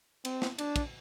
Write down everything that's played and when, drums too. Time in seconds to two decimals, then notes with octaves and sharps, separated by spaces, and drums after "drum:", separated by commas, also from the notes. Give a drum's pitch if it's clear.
0.25 C4, drum: cymbal
0.42 drum: snare
0.58 D4, drum: cymbal
0.76 drum: kick, cymbal